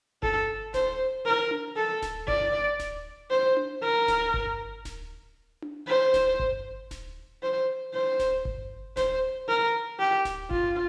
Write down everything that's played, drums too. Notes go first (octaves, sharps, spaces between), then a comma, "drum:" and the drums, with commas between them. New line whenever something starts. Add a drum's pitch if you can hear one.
A4, drum: kick G1
C5, drum: snare D1
A#4
drum: tom D4
A4
drum: snare D1
D5, drum: kick G1
drum: snare D1
C5
drum: tom D4
A#4
drum: snare D1
drum: kick G1
drum: snare D1
drum: tom D4
C5
drum: snare D1
drum: kick G1
drum: snare D1
C5
C5
drum: snare D1
drum: kick G1
C5, drum: snare D1
A#4
G4
drum: snare D1
F4, drum: kick G1